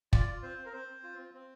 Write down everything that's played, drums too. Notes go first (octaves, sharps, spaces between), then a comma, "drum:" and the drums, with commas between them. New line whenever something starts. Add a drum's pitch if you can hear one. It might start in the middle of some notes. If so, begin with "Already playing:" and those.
F4 D5, drum: kick
F4
C4 C5
C4
A#4
C4 C5
C4
F4
C4
C4